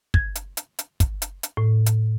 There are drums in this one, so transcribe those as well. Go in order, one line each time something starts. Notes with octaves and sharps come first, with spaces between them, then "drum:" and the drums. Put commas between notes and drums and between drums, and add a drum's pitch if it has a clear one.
G#6, drum: kick
drum: hi-hat
drum: hi-hat
drum: hi-hat
drum: kick, hi-hat
drum: hi-hat
drum: hi-hat
A2
drum: hi-hat